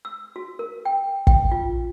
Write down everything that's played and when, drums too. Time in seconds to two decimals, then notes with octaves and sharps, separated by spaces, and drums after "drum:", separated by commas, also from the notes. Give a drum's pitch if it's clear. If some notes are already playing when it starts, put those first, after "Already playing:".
0.05 E6
0.36 F#4
0.59 A#4
0.85 G5
1.27 G5, drum: kick
1.52 F4